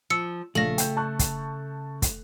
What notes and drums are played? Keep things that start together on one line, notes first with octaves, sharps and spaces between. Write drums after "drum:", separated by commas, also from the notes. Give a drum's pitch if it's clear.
F3 E6 C#7
A#1 C#3 A3 F5 A#6 F#7
G5 G6, drum: hi-hat
A5 C#6 F#6
drum: kick, hi-hat
drum: kick, hi-hat